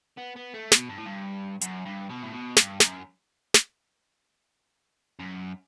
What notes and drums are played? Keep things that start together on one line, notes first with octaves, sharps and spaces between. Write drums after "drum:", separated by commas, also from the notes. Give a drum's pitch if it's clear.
B3
B3
A3
B2, drum: snare
G2
A2
G2
F#2, drum: hi-hat
G2
B2
A2
B2
G2, drum: snare
F#2, drum: snare
drum: snare
F#2